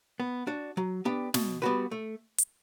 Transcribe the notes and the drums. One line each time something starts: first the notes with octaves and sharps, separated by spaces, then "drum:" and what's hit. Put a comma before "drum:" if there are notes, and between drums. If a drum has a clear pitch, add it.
B3
D4 F#4
F#3
B3 D4 G4
B2, drum: snare
G3 B3 F#4 B4
A3
drum: hi-hat